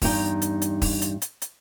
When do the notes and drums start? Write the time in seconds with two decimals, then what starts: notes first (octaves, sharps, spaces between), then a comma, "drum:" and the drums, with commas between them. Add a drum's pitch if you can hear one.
0.02 E2 G2 G3 D#4 G5, drum: kick, open hi-hat
0.42 drum: hi-hat
0.62 drum: hi-hat
0.82 drum: kick, open hi-hat
1.02 drum: hi-hat
1.22 drum: hi-hat
1.42 drum: hi-hat